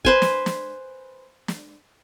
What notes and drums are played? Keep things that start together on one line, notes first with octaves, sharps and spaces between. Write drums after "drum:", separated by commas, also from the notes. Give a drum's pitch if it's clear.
B4 C5 G#5, drum: kick
drum: snare
drum: snare
drum: snare